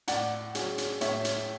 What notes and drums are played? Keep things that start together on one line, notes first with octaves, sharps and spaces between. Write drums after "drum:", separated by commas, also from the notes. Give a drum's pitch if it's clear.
A2 D5 F#5, drum: hi-hat
F#3 C#4 G#4, drum: hi-hat
drum: hi-hat
A2 C#5 E5, drum: hi-hat
drum: hi-hat